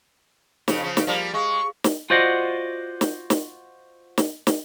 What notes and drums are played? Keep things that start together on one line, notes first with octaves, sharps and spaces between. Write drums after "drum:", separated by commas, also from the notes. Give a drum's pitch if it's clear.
F2 C#3, drum: snare
C#3 F3
drum: snare
F3 G3 A#3
G#3 C#6
drum: snare
F4 F#4 C5 D5 D#5 F#5
drum: snare
drum: snare
drum: snare
drum: snare